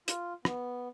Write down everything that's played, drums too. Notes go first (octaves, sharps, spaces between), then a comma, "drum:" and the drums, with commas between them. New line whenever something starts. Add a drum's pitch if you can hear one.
F4, drum: hi-hat
B3, drum: rim click